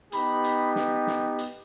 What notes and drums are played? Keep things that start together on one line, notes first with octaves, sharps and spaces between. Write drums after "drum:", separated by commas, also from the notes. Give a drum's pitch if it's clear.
B3 D#4 G4 B5, drum: hi-hat
drum: hi-hat
drum: snare
drum: snare
drum: hi-hat